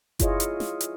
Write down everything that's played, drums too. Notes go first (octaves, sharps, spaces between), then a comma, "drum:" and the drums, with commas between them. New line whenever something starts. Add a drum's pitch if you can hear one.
E4 F4 G#4 C#5 D#5, drum: kick F#1, hi-hat
drum: hi-hat
drum: snare
drum: hi-hat